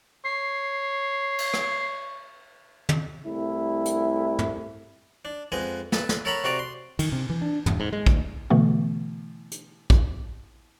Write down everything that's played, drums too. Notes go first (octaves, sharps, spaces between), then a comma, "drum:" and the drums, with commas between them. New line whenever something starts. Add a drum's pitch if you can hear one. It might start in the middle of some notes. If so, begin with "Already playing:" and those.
C#5 C7
drum: cymbal
drum: rim click
drum: tom
C2 A3 E4
drum: hi-hat
drum: tom
D4
F2 G#3 B3 D#5 G#5
A4 B4, drum: snare
drum: snare
A4 A#4 C#5 F#5 A#5 B5
C3 F#4 D5 A#5 D#6
C6
D#3, drum: cymbal
C3
E3
D4
F1, drum: tom
G#2
G#3
D2, drum: kick
B2 D3 E3 A3 B3
drum: hi-hat
drum: kick